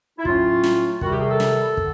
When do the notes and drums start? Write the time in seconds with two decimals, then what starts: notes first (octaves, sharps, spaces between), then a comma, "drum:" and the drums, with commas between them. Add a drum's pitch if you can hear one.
0.19 E4
0.25 A2 F#3 A3 C#4 F4, drum: kick
0.64 drum: snare
1.01 C3 D#3 G3 F#4, drum: kick
1.11 G4
1.21 G#4
1.30 A4
1.40 drum: snare
1.77 D3, drum: kick